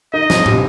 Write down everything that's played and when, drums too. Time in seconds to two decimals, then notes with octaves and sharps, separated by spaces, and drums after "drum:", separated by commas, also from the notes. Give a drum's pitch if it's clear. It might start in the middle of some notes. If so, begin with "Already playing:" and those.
0.13 D#4 D#5
0.30 C4, drum: snare
0.46 C3, drum: tom G#2